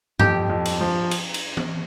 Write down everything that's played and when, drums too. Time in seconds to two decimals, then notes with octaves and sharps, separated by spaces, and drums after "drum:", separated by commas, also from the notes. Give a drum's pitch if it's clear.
0.19 F2 G4, drum: tom G2
0.50 F2
0.66 drum: cymbal
0.81 F3
1.11 drum: cymbal
1.34 drum: cymbal
1.57 drum: tom E3